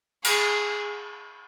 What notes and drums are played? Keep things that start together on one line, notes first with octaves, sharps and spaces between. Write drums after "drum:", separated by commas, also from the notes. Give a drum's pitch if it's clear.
G#4, drum: cymbal